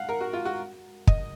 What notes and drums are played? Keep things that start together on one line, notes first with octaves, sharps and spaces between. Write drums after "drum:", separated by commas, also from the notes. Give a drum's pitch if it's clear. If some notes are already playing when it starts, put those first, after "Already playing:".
Already playing: F5 F#5
A#4
F#4
F4
F#4
D#5, drum: kick